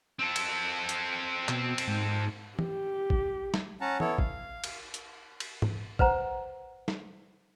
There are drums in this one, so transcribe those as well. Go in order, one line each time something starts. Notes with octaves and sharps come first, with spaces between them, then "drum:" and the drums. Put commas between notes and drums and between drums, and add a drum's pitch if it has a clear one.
C4 A4
drum: cymbal
drum: hi-hat
B2, drum: clap
drum: cymbal
G#2
G4, drum: tom
drum: kick
drum: snare
C#4 F#5 A5 A#5
B3 E4 A4 C#5, drum: tom
F5, drum: kick
drum: cymbal
drum: hi-hat
drum: cymbal
drum: tom G#2
B4 C5 F#5 A#5, drum: kick
drum: snare